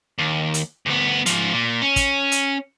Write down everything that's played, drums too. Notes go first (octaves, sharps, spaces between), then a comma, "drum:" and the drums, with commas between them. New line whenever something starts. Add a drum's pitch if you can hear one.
D#2
drum: hi-hat
D2 B3
G#2 F3, drum: hi-hat
A#2
C#4
drum: kick, hi-hat
drum: hi-hat